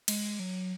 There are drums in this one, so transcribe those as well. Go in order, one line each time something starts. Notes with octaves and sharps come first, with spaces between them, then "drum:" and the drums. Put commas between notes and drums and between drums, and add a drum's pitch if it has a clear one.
G#3, drum: cymbal
F#3